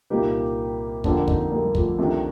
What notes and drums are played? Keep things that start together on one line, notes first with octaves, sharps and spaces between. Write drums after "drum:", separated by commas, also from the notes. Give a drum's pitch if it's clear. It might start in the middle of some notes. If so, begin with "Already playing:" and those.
C2 A#2 G3 A#3 D#4 G4
F2 D3 G3 A#3 D4 F4, drum: kick
D4
C4 D#4, drum: kick
G3 A#3
G3
F3 A3, drum: kick
C2 C3 D#3 F3 A3 D4